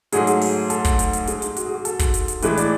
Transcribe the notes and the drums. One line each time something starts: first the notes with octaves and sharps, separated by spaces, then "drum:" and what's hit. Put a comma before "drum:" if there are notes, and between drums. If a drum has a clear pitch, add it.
G#2 F#3 A3 G#4, drum: hi-hat
drum: hi-hat
drum: open hi-hat
A4, drum: hi-hat
drum: kick, hi-hat
drum: hi-hat
drum: hi-hat
G#2 G#3 G#4, drum: hi-hat
drum: hi-hat
F#4, drum: hi-hat
G#4
F#4
A4, drum: hi-hat
drum: kick, hi-hat
drum: hi-hat
drum: hi-hat
A2 E3 G#3 B4, drum: hi-hat
D5, drum: hi-hat